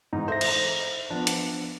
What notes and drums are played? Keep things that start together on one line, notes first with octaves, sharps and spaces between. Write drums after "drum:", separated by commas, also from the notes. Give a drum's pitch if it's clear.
G#2 E3 D#4
A4 C5 E5 A#5 A#6
drum: cymbal
F3 B3 D4
drum: hi-hat